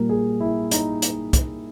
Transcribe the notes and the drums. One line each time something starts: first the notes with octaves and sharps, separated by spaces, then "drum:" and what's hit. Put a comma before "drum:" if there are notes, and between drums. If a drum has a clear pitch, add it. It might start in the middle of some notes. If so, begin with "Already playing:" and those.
Already playing: A#2 G3 A#3 A#4
G#4
E4
D#4, drum: hi-hat
drum: hi-hat
drum: kick, hi-hat